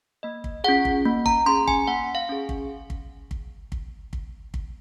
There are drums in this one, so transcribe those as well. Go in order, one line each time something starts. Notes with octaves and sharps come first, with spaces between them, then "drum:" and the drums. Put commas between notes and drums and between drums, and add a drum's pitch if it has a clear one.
A#3 D#5
drum: kick
C#4 F4 G#4 F#5
drum: kick
A#3
A#5, drum: kick
C#4 G#4 C6
G#5, drum: kick
A#3 F#5
F5
C#4 G#4
drum: kick
drum: kick
drum: kick
drum: kick
drum: kick
drum: kick